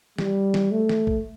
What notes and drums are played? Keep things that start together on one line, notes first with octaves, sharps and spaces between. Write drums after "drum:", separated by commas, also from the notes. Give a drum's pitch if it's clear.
G3, drum: snare
drum: snare
A3
drum: snare
drum: kick